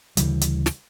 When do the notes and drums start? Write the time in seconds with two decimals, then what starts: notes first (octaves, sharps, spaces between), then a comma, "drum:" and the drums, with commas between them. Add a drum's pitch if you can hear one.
0.17 D2 C#3 E3 G3, drum: hi-hat
0.41 drum: hi-hat
0.66 drum: snare